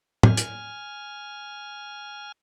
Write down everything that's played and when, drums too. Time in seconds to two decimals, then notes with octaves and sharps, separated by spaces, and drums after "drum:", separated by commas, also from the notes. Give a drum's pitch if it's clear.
0.23 G#5 F6, drum: tom
0.37 drum: hi-hat